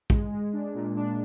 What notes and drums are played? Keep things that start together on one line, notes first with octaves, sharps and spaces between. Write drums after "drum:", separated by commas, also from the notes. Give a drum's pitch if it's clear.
G#3, drum: kick
G#3
D4
A#2
D4